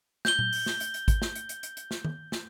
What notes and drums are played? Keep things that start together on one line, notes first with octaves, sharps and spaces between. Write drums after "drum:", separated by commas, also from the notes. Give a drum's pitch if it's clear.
G6 G7, drum: snare
drum: tom A#2
drum: open hi-hat
drum: snare
drum: hi-hat
drum: hi-hat
drum: kick G#1, hi-hat
drum: snare
drum: hi-hat
drum: hi-hat
drum: hi-hat
drum: hi-hat
drum: snare
drum: tom
drum: snare